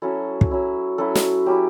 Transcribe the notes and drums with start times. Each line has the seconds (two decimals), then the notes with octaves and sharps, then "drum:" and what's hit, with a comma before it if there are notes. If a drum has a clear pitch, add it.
0.02 F#3 C#4 E4 A4
0.41 drum: kick
0.51 F#3 C#4 E4
0.98 F#3 C#4 E4 A4
1.15 drum: snare
1.46 F#3 C#4 E4 G4